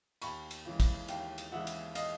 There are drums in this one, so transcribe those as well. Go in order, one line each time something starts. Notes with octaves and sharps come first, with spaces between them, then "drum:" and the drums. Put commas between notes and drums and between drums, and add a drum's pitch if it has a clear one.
D#2 B5 C#6, drum: cymbal
drum: cymbal
C#3 E3 G#3
drum: kick, cymbal
D#2 F5 G5, drum: cymbal
drum: cymbal
C#3 E3 G#3 E5 F#5
drum: cymbal
D#5 F5, drum: cymbal